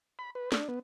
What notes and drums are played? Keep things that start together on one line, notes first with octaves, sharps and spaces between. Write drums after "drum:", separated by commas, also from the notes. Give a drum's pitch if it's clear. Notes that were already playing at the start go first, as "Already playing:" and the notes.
B5
B4
D4, drum: snare
B3